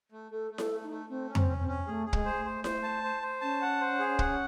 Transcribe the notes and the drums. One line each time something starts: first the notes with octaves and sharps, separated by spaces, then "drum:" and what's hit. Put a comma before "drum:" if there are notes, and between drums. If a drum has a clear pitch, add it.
A3
A3 A4
A3
A4, drum: snare E4
A3
D#4
A3
A3 C4
C#4
C4, drum: tom F2
C#4
C4
C#4
A3 G#4
G#4
G#3, drum: kick
C5
A3
C5
C5, drum: snare E4
A5
C5
C5
C#4 A5
F#5
C5
G#4
F#5, drum: kick